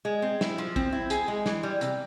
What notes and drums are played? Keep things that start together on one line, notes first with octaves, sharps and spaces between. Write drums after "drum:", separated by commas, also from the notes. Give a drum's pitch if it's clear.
G#3
C4
E4, drum: snare
F3
C4, drum: kick
E4
G#4, drum: hi-hat
G#3
E3, drum: snare
G3
C3, drum: hi-hat